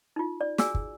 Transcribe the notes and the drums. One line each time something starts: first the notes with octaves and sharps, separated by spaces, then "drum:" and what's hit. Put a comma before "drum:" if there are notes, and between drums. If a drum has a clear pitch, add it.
D#4 F4
D5
F#4 G#4 D5 G#5 E6, drum: snare
drum: kick